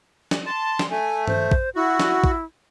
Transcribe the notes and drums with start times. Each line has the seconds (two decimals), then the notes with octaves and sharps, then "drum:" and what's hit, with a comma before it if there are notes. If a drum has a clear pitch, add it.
0.31 drum: snare
0.46 A5 C6
0.79 drum: snare
0.90 A3 G#5
1.28 C5, drum: tom
1.51 drum: kick
1.76 E4 F#4
2.00 drum: snare
2.24 drum: kick